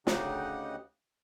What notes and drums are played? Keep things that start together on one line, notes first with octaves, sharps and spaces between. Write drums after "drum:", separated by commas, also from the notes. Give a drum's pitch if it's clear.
D2 C#3 D#4 G4 D#5 F#5, drum: snare